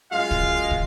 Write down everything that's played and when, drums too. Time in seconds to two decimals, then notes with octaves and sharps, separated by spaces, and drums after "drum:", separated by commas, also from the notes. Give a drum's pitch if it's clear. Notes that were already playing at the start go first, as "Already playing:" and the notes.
0.11 F#2 G#3 F4 F5
0.31 drum: kick
0.71 drum: kick